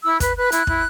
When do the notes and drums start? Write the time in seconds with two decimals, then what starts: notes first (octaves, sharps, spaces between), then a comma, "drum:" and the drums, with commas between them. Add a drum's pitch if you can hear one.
0.05 E4 E6
0.20 B4 F#6, drum: kick, hi-hat
0.36 B4 F#6
0.52 E4, drum: hi-hat
0.67 E4, drum: kick